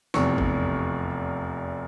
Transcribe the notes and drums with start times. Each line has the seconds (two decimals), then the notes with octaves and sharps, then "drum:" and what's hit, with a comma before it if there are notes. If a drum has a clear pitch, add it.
0.14 F1 E2 C3 C#6, drum: snare
0.38 drum: kick G1